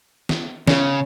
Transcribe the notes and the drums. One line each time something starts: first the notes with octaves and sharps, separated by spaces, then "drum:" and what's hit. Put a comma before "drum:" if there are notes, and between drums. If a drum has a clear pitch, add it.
drum: snare
C#3 C#4, drum: snare